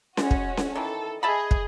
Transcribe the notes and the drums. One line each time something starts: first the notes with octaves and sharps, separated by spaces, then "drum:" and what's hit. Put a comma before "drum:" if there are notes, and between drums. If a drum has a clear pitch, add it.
C#3 G#3 C#4 F#4, drum: snare C#4
drum: kick
drum: snare C#4
D#3 E3 A4
G#4 D#5 E5 A5 B5
drum: kick